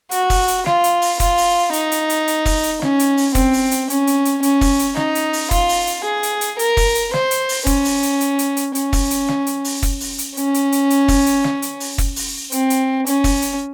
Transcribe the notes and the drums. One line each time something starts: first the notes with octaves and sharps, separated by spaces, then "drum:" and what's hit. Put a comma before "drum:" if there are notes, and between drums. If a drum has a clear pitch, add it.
F#4, drum: hi-hat
drum: kick, open hi-hat
drum: hi-hat
F4, drum: snare
drum: hi-hat
drum: open hi-hat
F4, drum: kick, hi-hat
drum: open hi-hat
D#4, drum: hi-hat
drum: hi-hat
drum: hi-hat
drum: hi-hat
drum: kick, open hi-hat
drum: hi-hat
C#4, drum: snare
drum: hi-hat
drum: open hi-hat
C4, drum: kick, hi-hat
drum: open hi-hat
drum: hi-hat
C#4, drum: hi-hat
drum: hi-hat
drum: hi-hat
C#4, drum: hi-hat
drum: kick, open hi-hat
drum: hi-hat
D#4, drum: snare
drum: hi-hat
drum: open hi-hat
F4, drum: kick, hi-hat
drum: open hi-hat
drum: hi-hat
G#4
drum: hi-hat
drum: hi-hat
A#4, drum: hi-hat
drum: kick, open hi-hat
drum: hi-hat
C5, drum: snare
drum: hi-hat
drum: open hi-hat
C#4, drum: kick, hi-hat
drum: open hi-hat
drum: hi-hat
drum: hi-hat
drum: hi-hat
drum: hi-hat
C#4, drum: hi-hat
drum: kick, open hi-hat
drum: hi-hat
drum: snare
drum: hi-hat
drum: open hi-hat
drum: kick, hi-hat
drum: open hi-hat
drum: hi-hat
C#4, drum: hi-hat
drum: hi-hat
drum: hi-hat
drum: hi-hat
drum: kick, open hi-hat
drum: hi-hat
drum: snare
drum: hi-hat
drum: open hi-hat
drum: kick, hi-hat
drum: open hi-hat
C4, drum: hi-hat
drum: hi-hat
C#4, drum: hi-hat
drum: kick, open hi-hat
drum: hi-hat